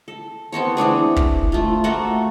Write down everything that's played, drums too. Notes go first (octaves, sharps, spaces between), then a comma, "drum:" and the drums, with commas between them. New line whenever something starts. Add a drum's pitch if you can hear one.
A4
B3 C4 A4 C#5
E3 C4 D4 G#4
drum: kick
A3 F4
A3 A#3 F#4 A4